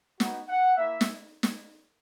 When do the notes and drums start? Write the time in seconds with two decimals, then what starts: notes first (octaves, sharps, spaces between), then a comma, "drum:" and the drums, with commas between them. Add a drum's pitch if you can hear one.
0.20 B3 D#4 F#4, drum: snare
0.49 F#5
0.78 A#3 E4 E5
1.01 drum: snare
1.43 drum: snare